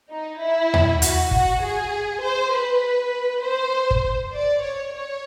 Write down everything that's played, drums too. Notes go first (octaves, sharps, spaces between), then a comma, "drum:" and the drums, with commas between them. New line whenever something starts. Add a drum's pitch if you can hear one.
D#4
E4
drum: tom D#2
F#4, drum: hi-hat
F#4, drum: kick
G#4
C5
B4
C5
drum: kick
D5
C#5
C#5